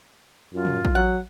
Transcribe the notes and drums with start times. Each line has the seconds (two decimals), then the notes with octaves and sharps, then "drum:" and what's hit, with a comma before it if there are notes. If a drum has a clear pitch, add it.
0.53 F#2 F4
0.65 drum: tom
0.85 drum: kick
0.95 F#3 F#5